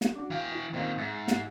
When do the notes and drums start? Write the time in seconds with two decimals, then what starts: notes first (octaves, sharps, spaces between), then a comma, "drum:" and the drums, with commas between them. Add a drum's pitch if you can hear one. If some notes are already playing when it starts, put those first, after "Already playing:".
0.01 drum: snare
0.15 D4 F#4
0.30 E3 F5 G5
0.52 E4
0.73 A#2 D#3 C4 D#4
0.98 G#2 E5 A6 C#7
1.28 drum: snare